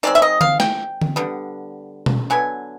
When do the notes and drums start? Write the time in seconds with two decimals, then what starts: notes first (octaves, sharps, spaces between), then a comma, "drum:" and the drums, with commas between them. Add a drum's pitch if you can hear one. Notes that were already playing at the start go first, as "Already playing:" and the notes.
0.03 D#3 G#3 C4 D5
0.15 E5
0.22 D#5
0.41 F5, drum: tom D3
0.60 G5, drum: snare
1.02 drum: tom D3
1.16 D3 G3 B3
2.06 drum: tom B2
2.30 D3 F#3 B3 G#5